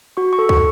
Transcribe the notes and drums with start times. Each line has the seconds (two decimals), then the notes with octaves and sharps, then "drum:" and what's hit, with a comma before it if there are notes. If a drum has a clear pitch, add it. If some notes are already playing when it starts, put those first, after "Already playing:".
0.17 F#4 C#6
0.33 C#6
0.39 A4
0.49 C#6, drum: kick